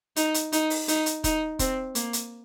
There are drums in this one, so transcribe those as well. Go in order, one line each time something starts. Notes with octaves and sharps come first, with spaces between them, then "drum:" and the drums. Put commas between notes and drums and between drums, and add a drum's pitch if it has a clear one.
D#4, drum: hi-hat
drum: hi-hat
D#4, drum: hi-hat
drum: open hi-hat
D#4, drum: hi-hat
drum: hi-hat
D#4, drum: kick, hi-hat
C4, drum: kick, hi-hat
A#3, drum: hi-hat
drum: hi-hat